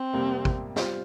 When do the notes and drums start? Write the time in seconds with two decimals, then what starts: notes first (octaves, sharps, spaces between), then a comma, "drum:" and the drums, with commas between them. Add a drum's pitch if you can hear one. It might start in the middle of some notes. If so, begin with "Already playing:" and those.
Already playing: C4
0.13 F2 C3 G3 A#3
0.45 drum: kick
0.76 G3 C4 F4 C5, drum: snare